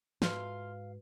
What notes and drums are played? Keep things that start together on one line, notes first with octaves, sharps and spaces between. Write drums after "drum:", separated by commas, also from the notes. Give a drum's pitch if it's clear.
G#2 A3 F4 F#4 B4 F5, drum: snare